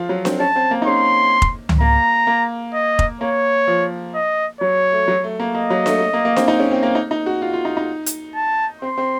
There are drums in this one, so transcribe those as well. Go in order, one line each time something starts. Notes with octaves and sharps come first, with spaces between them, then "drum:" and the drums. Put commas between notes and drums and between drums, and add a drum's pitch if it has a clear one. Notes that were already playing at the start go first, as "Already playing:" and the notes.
Already playing: F3 F4
F#3
C4, drum: snare D4
C#4 A5
C4
A#3
D#4
C#4 C6
drum: kick F1
drum: tom C#2
A#3 A#5
A#3
D#5
drum: kick F1
A#3 C#5
F3
D#5
F#3 C#5
A3
F#3
A3
A#3
A#3 D#5
F#3
A3, drum: snare D4
A3
A#3
A#3
C4, drum: snare D4
D#4
C#4
C4
A#3
D#4
D#4
F#4
F4
F4
D#4
D#4
drum: hi-hat
A5
C4 C6
C4